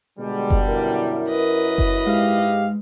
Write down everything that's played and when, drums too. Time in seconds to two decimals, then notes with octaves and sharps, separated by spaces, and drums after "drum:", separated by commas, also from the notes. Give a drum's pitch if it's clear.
0.18 B2 D3 G3 G#3
0.50 drum: kick F#1
0.68 F#2 E4 A#4
1.28 B4 D#5
1.78 drum: kick F#1
2.06 G#2 G#3 G4 F5